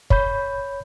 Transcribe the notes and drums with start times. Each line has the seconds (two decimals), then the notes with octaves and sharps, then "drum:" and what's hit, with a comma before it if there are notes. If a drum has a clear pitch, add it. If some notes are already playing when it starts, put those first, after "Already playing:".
0.10 C#5 B5 G6, drum: kick